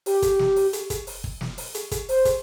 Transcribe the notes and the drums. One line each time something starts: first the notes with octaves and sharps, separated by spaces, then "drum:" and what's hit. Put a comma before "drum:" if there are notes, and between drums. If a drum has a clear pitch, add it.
G4, drum: open hi-hat
drum: kick, hi-hat
drum: snare
drum: open hi-hat
drum: hi-hat
drum: kick, hi-hat
drum: open hi-hat
drum: kick
drum: snare
drum: open hi-hat
drum: hi-hat
drum: kick, hi-hat
C5, drum: open hi-hat
drum: kick, hi-hat